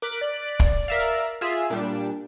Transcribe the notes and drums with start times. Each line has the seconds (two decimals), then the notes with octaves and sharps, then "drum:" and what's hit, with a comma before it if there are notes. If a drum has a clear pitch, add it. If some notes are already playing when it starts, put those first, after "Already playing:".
0.02 A#4 D6 F#6 B6
0.21 D5
0.60 drum: kick
0.88 A#4 E5 F5
1.41 F4 G#4 E5
1.70 A#2 G3 D4